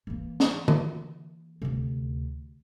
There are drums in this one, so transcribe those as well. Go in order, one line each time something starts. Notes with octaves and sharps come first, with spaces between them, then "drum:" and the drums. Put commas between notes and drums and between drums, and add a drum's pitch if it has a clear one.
E3 A#3
drum: snare
drum: tom D3
D2 C3